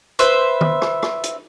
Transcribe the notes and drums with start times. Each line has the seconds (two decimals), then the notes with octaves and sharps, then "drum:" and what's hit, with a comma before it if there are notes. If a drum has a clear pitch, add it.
0.19 B4 C5 E5, drum: hi-hat
0.61 drum: tom
0.82 drum: rim click
1.03 drum: rim click
1.23 drum: hi-hat